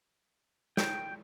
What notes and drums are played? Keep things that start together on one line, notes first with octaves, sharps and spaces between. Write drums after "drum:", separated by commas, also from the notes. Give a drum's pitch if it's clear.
G5, drum: snare